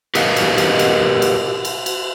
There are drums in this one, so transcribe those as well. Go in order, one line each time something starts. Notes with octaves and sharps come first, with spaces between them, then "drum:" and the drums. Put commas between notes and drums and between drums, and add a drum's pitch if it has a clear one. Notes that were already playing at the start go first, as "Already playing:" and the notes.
G4 A#4 B4 D#5 F5 F#5, drum: cymbal
drum: cymbal
drum: cymbal
drum: cymbal
drum: cymbal
drum: cymbal
drum: cymbal